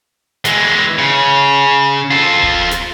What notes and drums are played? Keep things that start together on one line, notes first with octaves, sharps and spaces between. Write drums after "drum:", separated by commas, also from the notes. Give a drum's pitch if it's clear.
E3 G#3, drum: snare
C#3
F4 A4
drum: kick D1
drum: snare